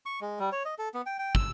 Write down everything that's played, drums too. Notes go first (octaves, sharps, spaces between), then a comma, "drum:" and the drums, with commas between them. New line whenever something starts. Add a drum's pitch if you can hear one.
C#6
G#3
G3
C#5
D#5
A4
B3
G5
G5
E6, drum: kick